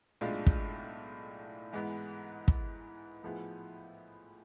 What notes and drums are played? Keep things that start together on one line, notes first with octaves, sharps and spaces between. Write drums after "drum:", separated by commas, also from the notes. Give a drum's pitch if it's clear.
B1 A2 G#3 D4 F4
drum: kick
G#2 E3 G#3 B3
drum: kick
A2 F3 B3 E4 G#4